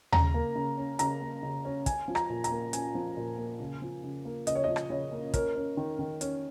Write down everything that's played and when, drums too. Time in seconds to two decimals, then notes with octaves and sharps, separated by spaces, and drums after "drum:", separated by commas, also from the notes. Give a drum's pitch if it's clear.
0.12 C#3 A#5, drum: tom D#2
0.34 A#3
0.56 C#3
0.78 C#4
0.99 C#3 A#5, drum: hi-hat
1.21 A#3
1.43 C#3
1.65 C#4
1.86 C#4 G#5, drum: kick, hi-hat
2.08 F3
2.15 A#5, drum: rim click
2.30 A#2
2.44 A#5, drum: hi-hat
2.51 A#3
2.73 C#4 G#5, drum: hi-hat
2.95 F3
3.17 A#2
3.38 A#3
3.60 C#3
3.82 F3
4.03 C#3
4.25 A#3
4.47 C#3 D#5, drum: hi-hat
4.55 C#5
4.64 F3 D#5
4.76 drum: rim click
4.90 C#3 C#5
5.12 A#3
5.34 C#4 A#4, drum: kick, hi-hat
5.56 C#4
5.77 D#3
5.99 D#3
6.21 C#4, drum: hi-hat